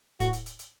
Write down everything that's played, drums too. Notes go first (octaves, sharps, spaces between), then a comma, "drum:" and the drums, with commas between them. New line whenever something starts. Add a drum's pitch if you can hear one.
A2 F#4, drum: kick D1, hi-hat
drum: hi-hat
drum: hi-hat
drum: hi-hat